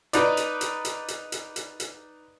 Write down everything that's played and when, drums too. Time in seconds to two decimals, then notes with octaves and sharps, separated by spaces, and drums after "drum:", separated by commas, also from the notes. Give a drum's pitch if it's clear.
0.13 D#4 B4 D5, drum: hi-hat
0.37 drum: hi-hat
0.61 drum: hi-hat
0.85 drum: hi-hat
1.08 drum: hi-hat
1.32 drum: hi-hat
1.56 drum: hi-hat
1.80 drum: hi-hat